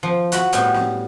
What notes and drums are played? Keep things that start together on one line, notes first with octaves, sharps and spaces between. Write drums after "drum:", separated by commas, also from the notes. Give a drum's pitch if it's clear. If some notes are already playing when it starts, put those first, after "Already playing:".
F3
F#4 B5, drum: hi-hat
A2 G3 B3 G4 G#5, drum: hi-hat
drum: snare